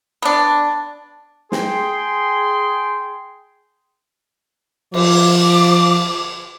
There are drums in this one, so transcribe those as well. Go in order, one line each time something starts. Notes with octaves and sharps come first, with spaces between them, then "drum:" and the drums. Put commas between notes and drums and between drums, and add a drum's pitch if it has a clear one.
B3 D4
G#4 G5 C6, drum: snare
F3 D6, drum: cymbal